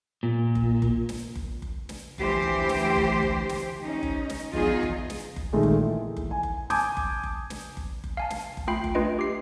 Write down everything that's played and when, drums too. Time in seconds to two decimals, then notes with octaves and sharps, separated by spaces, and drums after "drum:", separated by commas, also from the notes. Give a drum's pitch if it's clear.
0.23 A#2
0.55 drum: kick F#1
0.82 drum: kick F#1
1.09 drum: snare
1.36 drum: kick F#1
1.62 drum: kick F#1
1.89 drum: snare
2.18 D2 E3 G4 C5, drum: kick F#1
2.42 drum: kick F#1
2.69 drum: snare
2.96 drum: kick F#1
3.23 drum: kick F#1
3.49 drum: snare
3.82 C#4 D#4
4.03 drum: kick F#1
4.29 drum: snare
4.53 E2 D#4 F4 G#4, drum: kick F#1
4.83 drum: kick F#1
5.10 drum: snare
5.36 drum: kick F#1
5.53 A#2 D#3 G#3 A3
5.63 drum: kick F#1
5.82 E3
6.17 drum: kick F#1
6.31 G#5
6.43 drum: kick F#1
6.70 G#5 A5 D6 D#6 G6 G#6, drum: snare
6.97 drum: kick F#1
7.23 drum: kick F#1
7.50 drum: snare
7.77 drum: kick F#1
8.04 drum: kick F#1
8.17 F5 G#5 A5
8.30 drum: snare
8.57 drum: kick F#1
8.67 A3 F4 G5 B5 C7
8.84 drum: kick F#1
8.95 A3 D4 F4 B4 D#5 D7
9.19 G4 C7